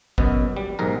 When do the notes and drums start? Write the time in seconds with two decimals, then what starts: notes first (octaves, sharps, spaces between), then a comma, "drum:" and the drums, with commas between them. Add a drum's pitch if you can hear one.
0.18 F#2 B2 B3, drum: kick
0.57 G3
0.79 B1 G#2 A#4